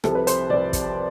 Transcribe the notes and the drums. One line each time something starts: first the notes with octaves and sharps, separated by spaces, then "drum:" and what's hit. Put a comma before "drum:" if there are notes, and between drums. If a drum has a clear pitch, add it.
C2 C3 F3 A4, drum: rim click
B4
C5, drum: hi-hat
C2 C3 F3 D5
drum: kick, hi-hat